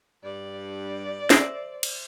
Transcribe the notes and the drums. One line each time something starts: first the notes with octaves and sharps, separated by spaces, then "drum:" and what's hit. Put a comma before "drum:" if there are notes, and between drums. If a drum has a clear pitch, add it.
G2 D5
C5 E5 A#6 C7 D7, drum: snare
drum: cymbal